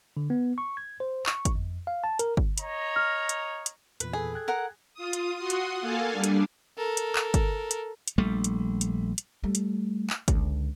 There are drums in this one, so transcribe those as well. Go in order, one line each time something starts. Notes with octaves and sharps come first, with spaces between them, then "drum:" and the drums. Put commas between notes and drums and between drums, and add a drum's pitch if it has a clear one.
D3
B3
C#6
G#6
C5
C#6, drum: clap
drum: kick G1, hi-hat
F2
F5
A5
A#4, drum: hi-hat
drum: kick G1
C#5 D#5 A#5, drum: hi-hat
F6
drum: hi-hat
drum: hi-hat
E2 A#2 E3 B4, drum: hi-hat
G#4 A4
G5 F#6 G#6
A#4 F#5
F4 D#6
drum: hi-hat
F#4 F#5 C6 D#6
drum: hi-hat
A#3 A4 F5 G#5 A5
G3 D4
drum: hi-hat
A4 A#4
drum: hi-hat
drum: clap
drum: kick G1, hi-hat
drum: hi-hat
drum: hi-hat
A#1 G3 A3
drum: hi-hat
drum: hi-hat
drum: hi-hat
G3 A3
drum: hi-hat
drum: clap
C#2 D3, drum: kick G1, hi-hat